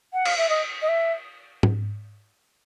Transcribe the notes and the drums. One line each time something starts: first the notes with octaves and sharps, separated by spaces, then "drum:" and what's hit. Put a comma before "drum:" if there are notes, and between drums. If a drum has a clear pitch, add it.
F#5
F5, drum: cymbal
E5
D#5
D#5
E5
drum: tom G#2